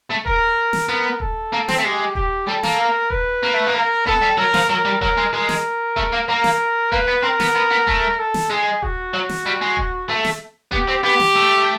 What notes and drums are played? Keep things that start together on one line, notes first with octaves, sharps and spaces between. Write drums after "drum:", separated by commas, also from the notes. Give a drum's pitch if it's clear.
A3
A#4, drum: kick D#1
drum: snare
B3 A#4
A4, drum: kick D#1
A#3
C4, drum: snare
A3
G#3 G4
G4, drum: kick D#1
G3 A4
A#3, drum: snare
A#4
B4, drum: kick D#1
A#3
A3
A#3
A#4
B3 A4, drum: kick D#1
G3
F#3 A#4
F3, drum: snare
F#3 A#4
G3
F#3 A#4, drum: kick D#1
G#3
G#3 A#4
drum: snare
A3, drum: kick D#1
A#3
A#3 A#4
drum: snare
A#3 B4, drum: kick D#1
B3
C4 A#4
B3, drum: snare
B3
B3
A3, drum: kick D#1
A4
drum: snare
G#3 G#4
F#4, drum: kick D#1
F#3
drum: snare
G3
G#3
drum: kick D#1
A3
drum: snare
B3 G4, drum: kick D#1
C4
B3 G4
drum: snare
A3